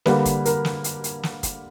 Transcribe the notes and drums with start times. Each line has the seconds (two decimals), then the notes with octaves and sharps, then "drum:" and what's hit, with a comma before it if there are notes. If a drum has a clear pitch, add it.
0.06 D3 G3 A#3 B4, drum: snare
0.25 drum: kick, hi-hat
0.45 A#4, drum: hi-hat
0.65 drum: snare
0.84 drum: hi-hat
1.04 drum: hi-hat
1.23 drum: snare
1.43 drum: kick, hi-hat